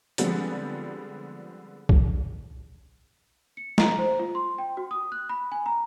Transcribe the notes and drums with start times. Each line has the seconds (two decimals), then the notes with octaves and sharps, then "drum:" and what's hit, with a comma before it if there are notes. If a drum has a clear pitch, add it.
0.18 D3 F3 G3 G#3 B3 C4, drum: hi-hat
1.89 drum: kick
3.57 C#7
3.78 A#5, drum: snare
3.99 C5
4.19 F4
4.35 C6
4.58 G5
4.77 F#4
4.91 D#6
5.12 F#6
5.29 B5
5.52 G#5
5.66 A#5